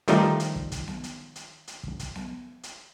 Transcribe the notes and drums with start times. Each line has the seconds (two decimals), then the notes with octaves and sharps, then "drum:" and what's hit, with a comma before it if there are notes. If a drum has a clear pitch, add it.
0.08 D#3 F3 G3 A3 D#4, drum: hi-hat
0.40 drum: hi-hat
0.56 drum: kick
0.72 drum: kick, hi-hat
0.88 drum: snare B3
1.04 drum: hi-hat
1.36 drum: hi-hat
1.67 drum: hi-hat
1.83 drum: kick
1.99 drum: kick, hi-hat
2.15 drum: snare B3
2.63 drum: hi-hat